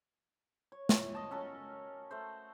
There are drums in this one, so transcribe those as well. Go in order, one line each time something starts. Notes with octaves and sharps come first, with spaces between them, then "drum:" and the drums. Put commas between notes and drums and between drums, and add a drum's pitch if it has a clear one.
C#5
drum: snare
D#5 A5
C#4 F#4 A4 A#4
A3 A4 C5